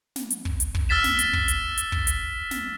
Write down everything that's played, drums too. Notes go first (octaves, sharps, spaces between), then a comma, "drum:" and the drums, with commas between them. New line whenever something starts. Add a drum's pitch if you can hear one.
drum: snare
drum: hi-hat
drum: kick
drum: hi-hat
drum: kick
E6 F6 A6 B6 E7
drum: snare
drum: hi-hat
drum: kick
drum: hi-hat
drum: hi-hat
drum: kick
drum: hi-hat
drum: snare